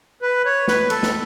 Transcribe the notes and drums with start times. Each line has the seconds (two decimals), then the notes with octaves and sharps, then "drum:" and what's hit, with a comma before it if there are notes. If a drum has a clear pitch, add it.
0.22 B4
0.45 C#5
0.68 B4, drum: snare
0.90 A4, drum: cymbal
1.03 drum: snare